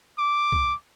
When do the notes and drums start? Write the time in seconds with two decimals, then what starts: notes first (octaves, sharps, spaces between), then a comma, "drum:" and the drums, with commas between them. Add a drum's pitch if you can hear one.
0.19 D6
0.52 drum: kick C2